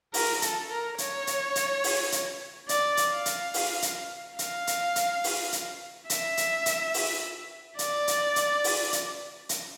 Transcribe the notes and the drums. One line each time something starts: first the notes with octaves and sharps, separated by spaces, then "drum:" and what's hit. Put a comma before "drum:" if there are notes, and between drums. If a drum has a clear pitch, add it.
A#4, drum: open hi-hat
A4, drum: hi-hat
A#4
C#5, drum: hi-hat
drum: hi-hat
drum: hi-hat
drum: open hi-hat
drum: hi-hat
D5, drum: hi-hat
drum: hi-hat
F5
drum: hi-hat
drum: open hi-hat
drum: hi-hat
F5, drum: hi-hat
drum: hi-hat
drum: hi-hat
drum: open hi-hat
drum: hi-hat
E5, drum: hi-hat
drum: hi-hat
drum: hi-hat
drum: open hi-hat
D5, drum: hi-hat
drum: hi-hat
drum: hi-hat
drum: open hi-hat
drum: hi-hat
drum: hi-hat